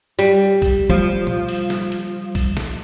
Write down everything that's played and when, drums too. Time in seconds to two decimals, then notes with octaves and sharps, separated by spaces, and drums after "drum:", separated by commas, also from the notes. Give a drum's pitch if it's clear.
0.19 G3, drum: hi-hat
0.62 drum: kick A#1, open hi-hat
0.90 F3 G3
1.27 drum: tom A#2
1.49 drum: open hi-hat
1.70 drum: snare
1.92 drum: hi-hat
2.35 drum: kick A#1, open hi-hat
2.57 drum: snare